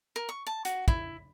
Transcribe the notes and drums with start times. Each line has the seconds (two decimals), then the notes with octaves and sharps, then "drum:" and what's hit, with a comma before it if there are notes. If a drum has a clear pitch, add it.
0.16 A#4
0.29 C#6
0.47 A5
0.65 F#4, drum: hi-hat
0.88 E4, drum: kick